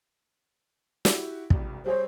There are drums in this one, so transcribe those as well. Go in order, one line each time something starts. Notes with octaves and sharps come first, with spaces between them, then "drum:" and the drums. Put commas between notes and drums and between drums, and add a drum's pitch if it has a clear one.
E4 F#4 G4, drum: snare
E1 C2, drum: kick
G3 G#4 C5 C#5